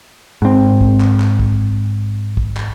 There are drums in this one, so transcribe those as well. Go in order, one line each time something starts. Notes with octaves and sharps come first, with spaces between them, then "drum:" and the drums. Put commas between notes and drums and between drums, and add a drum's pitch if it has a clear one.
G#2 C4
drum: kick
drum: clap
drum: clap
drum: kick
drum: kick
drum: clap